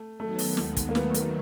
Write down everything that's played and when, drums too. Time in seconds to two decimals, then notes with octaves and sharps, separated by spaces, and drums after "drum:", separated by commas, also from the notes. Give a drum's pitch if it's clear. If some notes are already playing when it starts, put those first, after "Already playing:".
Already playing: A3
0.20 D#3 F#3 A3 B3
0.39 drum: open hi-hat
0.57 D#2 D#3 G#3 B3, drum: snare
0.77 drum: kick, hi-hat
0.89 A#3
0.95 D#3 F#3 A3 B3, drum: snare
1.14 A#3, drum: hi-hat